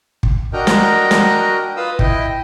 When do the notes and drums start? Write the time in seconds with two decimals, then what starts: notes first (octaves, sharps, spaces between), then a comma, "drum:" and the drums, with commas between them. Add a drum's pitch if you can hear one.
0.23 drum: kick
0.53 D4 F#4 A#4 D#5 G5 A#5
0.67 drum: snare
1.11 drum: snare
1.77 F4 B4 F5 D#6 E6
1.99 E4 D#5 G5, drum: kick